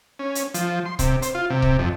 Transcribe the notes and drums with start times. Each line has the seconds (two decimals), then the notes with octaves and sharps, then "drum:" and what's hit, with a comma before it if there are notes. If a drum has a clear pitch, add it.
0.19 C#4
0.35 drum: hi-hat
0.54 F3, drum: hi-hat
0.86 C6
0.99 C3, drum: kick C#1, hi-hat
1.22 C5, drum: hi-hat
1.35 F4
1.50 C3
1.62 drum: kick C#1
1.79 F2